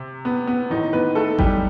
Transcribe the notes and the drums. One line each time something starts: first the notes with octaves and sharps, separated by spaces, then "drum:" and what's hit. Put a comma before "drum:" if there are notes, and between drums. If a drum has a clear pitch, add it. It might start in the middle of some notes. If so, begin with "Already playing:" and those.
Already playing: C3
B3
B3
A1 A2 D#3 E3 D#4
B3 B4
A3 A4
G3 G4, drum: kick G#1